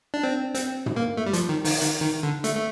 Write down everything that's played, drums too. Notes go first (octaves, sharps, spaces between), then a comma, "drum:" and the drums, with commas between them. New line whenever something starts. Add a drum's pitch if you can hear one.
D4
C4
C4, drum: hi-hat
drum: tom
A#3
A3
G3
F3, drum: hi-hat
D#3
D#3, drum: open hi-hat
D#3, drum: hi-hat
D#3
D3
A3, drum: hi-hat
A3